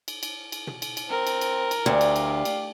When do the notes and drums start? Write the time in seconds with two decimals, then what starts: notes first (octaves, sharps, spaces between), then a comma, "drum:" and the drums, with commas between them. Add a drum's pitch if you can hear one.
0.08 drum: cymbal
0.23 drum: cymbal
0.52 drum: cymbal
0.67 drum: tom
0.82 drum: cymbal
0.97 drum: cymbal
1.10 C4 A#4
1.27 drum: cymbal
1.41 drum: cymbal
1.71 drum: cymbal
1.86 D2 G4 D5 F5
2.01 drum: cymbal
2.16 drum: cymbal
2.45 drum: cymbal